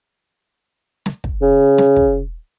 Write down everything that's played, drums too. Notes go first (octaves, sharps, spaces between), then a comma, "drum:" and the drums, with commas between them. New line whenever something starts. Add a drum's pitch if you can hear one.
drum: snare
drum: kick
C#3
drum: snare
drum: kick